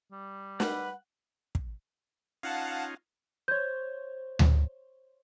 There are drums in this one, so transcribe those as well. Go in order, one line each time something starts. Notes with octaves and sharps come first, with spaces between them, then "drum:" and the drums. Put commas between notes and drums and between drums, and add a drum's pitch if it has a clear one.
G3
B4 F#5, drum: snare
drum: kick
C#4 D#4 F4 F5 F#5 A5
C5 C#5 G6 G#6
drum: tom D2